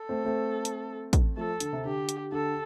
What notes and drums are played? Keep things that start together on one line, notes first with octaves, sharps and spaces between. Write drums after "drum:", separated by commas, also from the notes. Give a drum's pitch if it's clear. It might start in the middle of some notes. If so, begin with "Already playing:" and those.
Already playing: A4
A3 C4
A3 C4
drum: hi-hat
drum: kick, hi-hat
F3 A3 A4
D3, drum: hi-hat
C3
D3 G4
drum: hi-hat
D3 A4